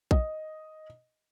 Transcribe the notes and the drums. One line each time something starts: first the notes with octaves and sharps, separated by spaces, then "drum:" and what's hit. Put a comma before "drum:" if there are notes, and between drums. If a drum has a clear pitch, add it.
D#5, drum: kick A#1